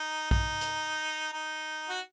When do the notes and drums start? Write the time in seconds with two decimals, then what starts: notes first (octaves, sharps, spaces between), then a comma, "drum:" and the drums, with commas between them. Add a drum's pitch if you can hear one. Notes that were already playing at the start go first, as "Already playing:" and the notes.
Already playing: D#4
0.31 D#4, drum: kick A#1
0.61 drum: hi-hat
1.33 D#4
1.89 F#4